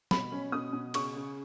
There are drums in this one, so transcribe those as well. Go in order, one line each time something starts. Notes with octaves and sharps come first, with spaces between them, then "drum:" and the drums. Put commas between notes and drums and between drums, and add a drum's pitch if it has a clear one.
B2 B5, drum: snare
C#4
B2 D#6
B2
C#3 C#6, drum: cymbal
C#3